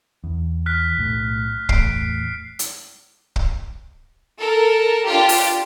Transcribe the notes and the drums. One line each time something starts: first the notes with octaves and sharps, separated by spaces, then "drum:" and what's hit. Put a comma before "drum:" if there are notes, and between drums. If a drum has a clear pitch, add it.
E2
F6 F#6 B6
B1 A2
E2 A2 C7 D7, drum: kick
drum: hi-hat
drum: kick
A4 A#4
D4 F4 G4
drum: open hi-hat